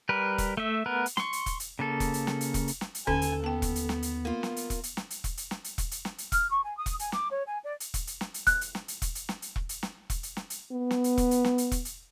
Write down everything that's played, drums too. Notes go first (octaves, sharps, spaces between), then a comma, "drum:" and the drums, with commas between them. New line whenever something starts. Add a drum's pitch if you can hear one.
G3 A#4 B4
drum: kick E1, hi-hat
A3 E5
A3 B3 A#4 B4
drum: hi-hat
C6 C#6, drum: snare
drum: hi-hat
drum: kick E1, hi-hat
drum: hi-hat
C#3 A#3 A4
drum: kick E1, hi-hat
drum: hi-hat
drum: snare
drum: hi-hat
drum: kick E1, hi-hat
drum: hi-hat
drum: snare
drum: hi-hat
D#2 D3 C#4 A4 G#5, drum: kick E1
drum: hi-hat
B3 G5 A5
drum: kick E1, hi-hat
drum: hi-hat
drum: snare
drum: hi-hat
A#3 F4
drum: snare
drum: hi-hat
drum: kick E1, hi-hat
drum: hi-hat
drum: snare
drum: hi-hat
drum: kick E1, hi-hat
drum: hi-hat
drum: snare
drum: hi-hat
drum: kick E1, hi-hat
drum: hi-hat
drum: snare
drum: hi-hat
F6, drum: kick E1, hi-hat
C#6
G#5
D#6
drum: kick E1, hi-hat
G#5, drum: hi-hat
D6, drum: snare
C#5
G#5
D5
drum: hi-hat
drum: kick E1, hi-hat
drum: hi-hat
drum: snare
drum: hi-hat
F#6, drum: kick E1, hi-hat
drum: hi-hat
drum: snare
drum: hi-hat
drum: kick E1, hi-hat
drum: hi-hat
drum: snare
drum: hi-hat
drum: kick E1
drum: hi-hat
drum: snare
drum: kick E1, hi-hat
drum: hi-hat
drum: snare
drum: hi-hat
B3
drum: snare
drum: hi-hat
drum: kick E1, hi-hat
drum: hi-hat
drum: snare
drum: hi-hat
drum: kick E1, hi-hat
drum: hi-hat